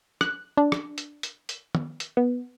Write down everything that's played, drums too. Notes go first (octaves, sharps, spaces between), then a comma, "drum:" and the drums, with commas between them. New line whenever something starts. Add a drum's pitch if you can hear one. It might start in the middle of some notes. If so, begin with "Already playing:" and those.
F#6, drum: rim click
D4
drum: rim click
drum: hi-hat
drum: hi-hat
drum: hi-hat
drum: tom
drum: hi-hat
B3